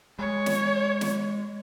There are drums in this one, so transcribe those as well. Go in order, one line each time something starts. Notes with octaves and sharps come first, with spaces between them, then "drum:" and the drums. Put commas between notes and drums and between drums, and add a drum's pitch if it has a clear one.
G#3 C#5
drum: snare
drum: snare